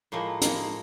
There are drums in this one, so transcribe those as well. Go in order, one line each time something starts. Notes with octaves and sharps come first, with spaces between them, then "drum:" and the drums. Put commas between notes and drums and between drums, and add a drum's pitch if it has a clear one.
A2 F3 G#3 A#3
A2 F3 G#3 A#3, drum: hi-hat